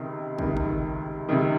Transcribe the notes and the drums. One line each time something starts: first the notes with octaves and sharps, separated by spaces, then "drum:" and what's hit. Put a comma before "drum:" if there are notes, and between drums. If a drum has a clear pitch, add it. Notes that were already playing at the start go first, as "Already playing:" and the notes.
Already playing: C#2 C3 D#3
C#2 C3 D#3, drum: kick
drum: kick
C#2 C3 D#3